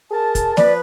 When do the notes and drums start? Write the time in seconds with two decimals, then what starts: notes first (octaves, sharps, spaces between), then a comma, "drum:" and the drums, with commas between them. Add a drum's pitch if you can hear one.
0.11 G#4 A#4 A5
0.35 drum: kick, hi-hat
0.57 F3 B4 D5, drum: snare